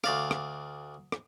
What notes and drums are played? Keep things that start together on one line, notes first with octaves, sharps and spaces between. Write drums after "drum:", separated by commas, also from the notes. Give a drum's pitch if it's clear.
D2 D5 F5, drum: rim click
drum: rim click
drum: rim click